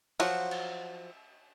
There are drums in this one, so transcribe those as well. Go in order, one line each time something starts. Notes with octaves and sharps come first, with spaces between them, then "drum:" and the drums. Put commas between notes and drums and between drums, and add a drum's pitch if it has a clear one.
F3 F#3 F#4, drum: cymbal
drum: cymbal